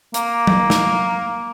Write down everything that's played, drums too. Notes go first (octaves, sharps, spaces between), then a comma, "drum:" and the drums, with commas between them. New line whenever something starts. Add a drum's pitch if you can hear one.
A#3, drum: hi-hat
drum: tom F#3
drum: snare